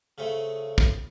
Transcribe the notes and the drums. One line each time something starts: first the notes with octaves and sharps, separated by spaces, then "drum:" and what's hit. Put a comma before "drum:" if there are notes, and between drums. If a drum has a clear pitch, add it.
C#3 A3 C4
drum: kick